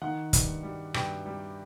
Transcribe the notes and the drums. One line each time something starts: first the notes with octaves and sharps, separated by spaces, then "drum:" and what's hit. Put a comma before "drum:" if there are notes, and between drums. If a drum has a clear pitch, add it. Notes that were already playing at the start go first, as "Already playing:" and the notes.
D#3 F#5
G2, drum: kick, hi-hat
G3
G2 G5, drum: rim click
G3